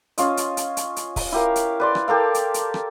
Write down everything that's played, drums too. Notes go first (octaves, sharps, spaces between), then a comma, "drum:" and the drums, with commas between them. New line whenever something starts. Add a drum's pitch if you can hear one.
C#4 F4 D#5, drum: hi-hat
drum: hi-hat
drum: hi-hat
drum: hi-hat
drum: hi-hat
drum: kick C#1, open hi-hat
E4 G4 A#4 F5
drum: hi-hat
B4 D5 C6
drum: rim click
G4 A4 A#4 F5
drum: hi-hat
drum: hi-hat
drum: rim click